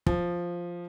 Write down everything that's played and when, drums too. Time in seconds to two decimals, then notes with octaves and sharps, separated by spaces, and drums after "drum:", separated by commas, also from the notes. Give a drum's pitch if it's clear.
0.06 F3, drum: kick